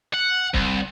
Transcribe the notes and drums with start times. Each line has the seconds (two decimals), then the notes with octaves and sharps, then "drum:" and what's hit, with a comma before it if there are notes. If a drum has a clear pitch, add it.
0.14 F#5
0.54 C2, drum: kick